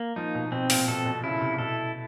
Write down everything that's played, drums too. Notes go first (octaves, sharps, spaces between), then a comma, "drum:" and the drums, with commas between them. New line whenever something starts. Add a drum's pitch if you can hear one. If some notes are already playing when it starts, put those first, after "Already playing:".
Already playing: A#3
F3 D#4
B2
B2 C4
A#2, drum: open hi-hat
B2 A4
B2
C#3 E4
C3
A#2
B2 A4